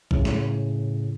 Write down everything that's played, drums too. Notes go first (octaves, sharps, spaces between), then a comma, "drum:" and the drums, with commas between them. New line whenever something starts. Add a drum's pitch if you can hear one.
A2 C#3, drum: kick
drum: snare